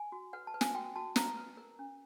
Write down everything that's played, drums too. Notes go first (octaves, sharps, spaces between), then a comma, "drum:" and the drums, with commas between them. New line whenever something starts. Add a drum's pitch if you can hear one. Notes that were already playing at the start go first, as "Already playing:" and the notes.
Already playing: G#5
F#4
B4 F#5
A5
B4
G#5, drum: snare
F#4 G5
F#4 A5
B4 A#5, drum: snare
B4
A#4
C#4